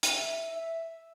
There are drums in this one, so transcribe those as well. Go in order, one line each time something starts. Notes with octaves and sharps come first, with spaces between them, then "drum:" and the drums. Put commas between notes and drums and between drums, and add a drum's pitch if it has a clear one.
drum: hi-hat
E5
E5